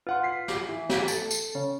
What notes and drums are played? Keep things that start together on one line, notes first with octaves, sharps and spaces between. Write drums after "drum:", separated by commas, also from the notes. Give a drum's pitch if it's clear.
F4 B4 F#5 C6
B6 C7
drum: snare
E3
drum: snare
A4, drum: tambourine
drum: tambourine
C#3